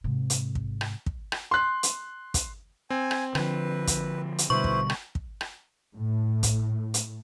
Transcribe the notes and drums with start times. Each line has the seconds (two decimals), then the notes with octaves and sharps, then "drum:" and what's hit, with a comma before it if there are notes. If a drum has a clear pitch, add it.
0.04 G#2 C3
0.30 drum: hi-hat
0.55 drum: kick
0.81 drum: rim click
1.06 drum: kick
1.32 drum: rim click
1.51 C6 F#6
1.83 drum: hi-hat
2.34 drum: kick, hi-hat
2.90 C4 G#5
3.11 drum: rim click
3.35 D3 F3 B4, drum: rim click
3.87 drum: kick, hi-hat
4.38 drum: hi-hat
4.50 B2 D3 G3 E4 B4 C5 C#6
4.64 drum: kick
4.90 drum: rim click
5.15 drum: kick
5.41 drum: rim click
5.95 A2
6.43 drum: kick, hi-hat
6.94 drum: hi-hat